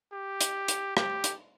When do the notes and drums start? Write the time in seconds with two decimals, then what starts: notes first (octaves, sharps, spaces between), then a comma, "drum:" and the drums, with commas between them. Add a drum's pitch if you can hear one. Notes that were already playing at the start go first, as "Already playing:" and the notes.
0.13 G4
0.41 drum: hi-hat
0.68 drum: hi-hat
0.97 G4, drum: rim click
1.24 drum: hi-hat